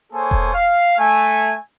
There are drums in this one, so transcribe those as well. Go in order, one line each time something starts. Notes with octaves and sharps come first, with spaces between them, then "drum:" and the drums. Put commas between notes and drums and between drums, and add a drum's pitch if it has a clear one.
A#3 G#4 A4 C5 C#5 G#5
drum: kick E1
F5
A3 G#5